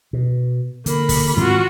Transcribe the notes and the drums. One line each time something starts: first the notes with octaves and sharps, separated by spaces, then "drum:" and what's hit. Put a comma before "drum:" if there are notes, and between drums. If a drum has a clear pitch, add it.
B2
D3 A#3 B5, drum: hi-hat
drum: kick, open hi-hat
G#2 D#3 C4 F4 F#4